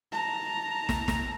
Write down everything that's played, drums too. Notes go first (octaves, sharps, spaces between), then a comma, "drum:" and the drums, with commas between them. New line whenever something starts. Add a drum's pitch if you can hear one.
A5 A#5
drum: snare
drum: snare